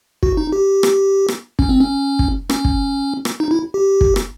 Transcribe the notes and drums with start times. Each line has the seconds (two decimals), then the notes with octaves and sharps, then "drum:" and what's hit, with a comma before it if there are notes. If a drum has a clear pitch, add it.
0.23 F#4, drum: kick
0.37 D#4
0.52 G4
0.83 drum: rim click
1.28 drum: rim click
1.59 C#4, drum: kick
1.69 C4
1.80 C#4
2.19 drum: kick
2.50 C#4, drum: rim click
2.65 drum: kick
3.25 drum: rim click
3.40 D#4
3.51 E4
3.74 G4
4.01 drum: kick
4.16 drum: rim click